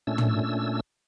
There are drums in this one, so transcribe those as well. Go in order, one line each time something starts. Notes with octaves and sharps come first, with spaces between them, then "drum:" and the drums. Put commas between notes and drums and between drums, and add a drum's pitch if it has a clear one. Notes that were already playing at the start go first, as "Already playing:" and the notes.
A#2 A3 C#4 D4 E6
drum: tom